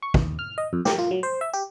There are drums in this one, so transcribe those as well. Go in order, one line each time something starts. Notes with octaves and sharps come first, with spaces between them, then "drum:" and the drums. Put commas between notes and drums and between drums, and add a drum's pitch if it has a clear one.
C#6
D#2, drum: kick
F6
D#5
F2
G4, drum: snare
F4
F#3
C5
E5
G4